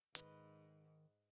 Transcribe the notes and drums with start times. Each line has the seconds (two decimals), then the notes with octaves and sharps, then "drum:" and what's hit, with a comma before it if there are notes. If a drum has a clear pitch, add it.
0.15 G#2 D#3 B4 D#5, drum: hi-hat